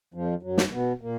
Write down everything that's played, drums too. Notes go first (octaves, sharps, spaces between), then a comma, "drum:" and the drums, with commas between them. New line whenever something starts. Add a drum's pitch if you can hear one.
F2 F3
F#2 F#3
drum: snare
B2 B3
A#2 A#3